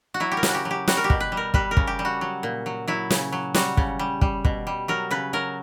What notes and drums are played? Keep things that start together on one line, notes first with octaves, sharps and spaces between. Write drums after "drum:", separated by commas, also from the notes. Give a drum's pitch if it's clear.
F#4
F#3 E4
G4
A#4
C#3, drum: snare
F#4
G4
F#3
G4
G3 F#4, drum: snare
A#4
G4
B2, drum: kick
B4
G3
A#4
G3 B4, drum: kick
A#4
C#3, drum: kick
G4
G3
F#4
F#3
A#2
F#3
F#3 E4
C#3, drum: snare
F#3
G3 F#4, drum: snare
C#3, drum: kick
G3
G3, drum: kick
B2, drum: kick
G3
F#3 A#4
C#3 B4
F#3 A#4